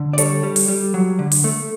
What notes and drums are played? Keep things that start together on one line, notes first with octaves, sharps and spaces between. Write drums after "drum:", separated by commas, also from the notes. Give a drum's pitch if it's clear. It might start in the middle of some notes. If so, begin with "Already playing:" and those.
Already playing: D3
D5
G3 A4 C#5, drum: hi-hat
G3
drum: open hi-hat
G3
F#3
D3
drum: open hi-hat
A3